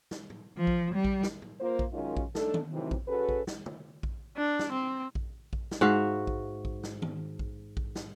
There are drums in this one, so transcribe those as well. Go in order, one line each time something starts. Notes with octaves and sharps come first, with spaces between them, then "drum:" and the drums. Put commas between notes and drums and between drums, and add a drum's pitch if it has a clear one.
drum: snare
drum: tom A2
F3
drum: kick A#1
G3
drum: kick A#1
drum: snare
drum: tom A2
A#3 F4 C5
drum: kick A#1
F#2 D#3 G#3 C#4 D#4 F4
drum: kick A#1
A3 D4 D#4 A4, drum: snare
drum: tom D#3
A2 C3 E3 F#3 C4 D#4
drum: kick A#1
C#4 F#4 G#4 A4 B4
drum: kick A#1
drum: snare
drum: tom C#3
drum: kick A#1
D4
drum: snare
C4
drum: kick A#1
drum: kick A#1
drum: snare
G#2 F#4 E5 F5
drum: kick A#1
drum: kick A#1
drum: snare
drum: tom D#3
drum: kick A#1
drum: kick A#1
drum: snare